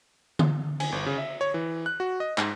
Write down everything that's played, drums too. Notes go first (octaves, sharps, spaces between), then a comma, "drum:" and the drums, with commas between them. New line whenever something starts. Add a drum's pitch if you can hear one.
drum: tom D3
G#5, drum: cymbal
G1
C#3
E5
C#5
E3
F#6
F#4
D#5
G#2, drum: clap